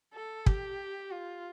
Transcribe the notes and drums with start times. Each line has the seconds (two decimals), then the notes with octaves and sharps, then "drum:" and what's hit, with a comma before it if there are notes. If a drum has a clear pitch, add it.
0.14 A4
0.46 G4, drum: kick
1.11 F4